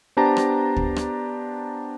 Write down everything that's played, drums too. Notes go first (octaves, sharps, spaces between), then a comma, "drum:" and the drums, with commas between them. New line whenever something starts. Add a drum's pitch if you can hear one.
B3 D4 G4 C5 A5 A#5
drum: rim click
drum: kick D2
drum: rim click